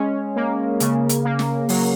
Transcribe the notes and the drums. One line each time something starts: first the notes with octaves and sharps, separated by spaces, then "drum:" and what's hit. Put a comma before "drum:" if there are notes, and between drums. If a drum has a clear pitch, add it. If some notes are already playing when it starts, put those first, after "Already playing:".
Already playing: G#3 C#4
A#3
C#3, drum: hi-hat
drum: hi-hat
A#3
drum: snare
F#3, drum: open hi-hat